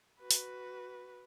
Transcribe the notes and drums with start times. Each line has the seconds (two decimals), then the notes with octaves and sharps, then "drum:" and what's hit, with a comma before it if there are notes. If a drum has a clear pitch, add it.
0.20 F#4 B4
0.31 drum: open hi-hat